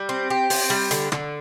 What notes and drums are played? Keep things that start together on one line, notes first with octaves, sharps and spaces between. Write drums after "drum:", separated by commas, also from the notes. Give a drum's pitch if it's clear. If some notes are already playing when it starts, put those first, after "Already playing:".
Already playing: G3
C4
G4
C4, drum: open hi-hat
G3
D3, drum: hi-hat
D3, drum: rim click